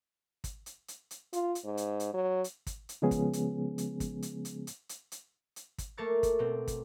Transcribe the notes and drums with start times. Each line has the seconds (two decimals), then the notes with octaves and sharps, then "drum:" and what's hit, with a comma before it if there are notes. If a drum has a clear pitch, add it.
0.44 drum: kick, hi-hat
0.66 drum: hi-hat
0.88 drum: hi-hat
1.11 drum: hi-hat
1.33 F4, drum: hi-hat
1.55 drum: hi-hat
1.65 G#2
1.77 drum: hi-hat
2.00 drum: hi-hat
2.14 F#3
2.44 drum: hi-hat
2.67 drum: kick, hi-hat
2.89 drum: hi-hat
3.02 C#3 F3 G#3 B3 C#4 G#4
3.11 drum: kick, hi-hat
3.33 drum: hi-hat
3.78 drum: hi-hat
4.00 drum: kick, hi-hat
4.22 drum: hi-hat
4.45 drum: hi-hat
4.67 drum: hi-hat
4.89 drum: hi-hat
5.12 drum: hi-hat
5.56 drum: hi-hat
5.78 drum: kick, hi-hat
5.97 A3 A#3 A#4 C#6 D6 A6
6.23 drum: kick, hi-hat
6.39 B2 C4
6.68 drum: kick, hi-hat